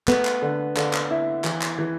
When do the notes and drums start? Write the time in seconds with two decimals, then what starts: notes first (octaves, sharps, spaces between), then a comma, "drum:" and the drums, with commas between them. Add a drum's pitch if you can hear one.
0.08 A3 B3, drum: clap
0.25 drum: clap
0.42 D3
0.77 D3, drum: clap
0.93 drum: clap
1.11 E4
1.44 E3, drum: clap
1.61 drum: clap
1.79 E3